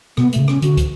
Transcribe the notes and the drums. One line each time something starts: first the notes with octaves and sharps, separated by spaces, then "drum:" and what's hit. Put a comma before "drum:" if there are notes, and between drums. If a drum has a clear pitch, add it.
B2 B3, drum: rim click
B2 A3, drum: hi-hat
C#3
C#4, drum: rim click
D3 F#4, drum: hi-hat
drum: kick, hi-hat